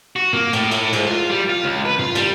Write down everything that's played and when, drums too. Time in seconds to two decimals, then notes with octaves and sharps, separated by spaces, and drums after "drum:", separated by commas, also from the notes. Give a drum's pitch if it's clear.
0.16 F#4
0.33 A#3, drum: tom
0.53 A2, drum: cymbal
0.71 A2, drum: cymbal
0.93 G#2, drum: cymbal
1.07 F4
1.30 G3
1.49 F4
1.64 C#2
1.85 B4
1.99 F4, drum: tom
2.15 G3, drum: cymbal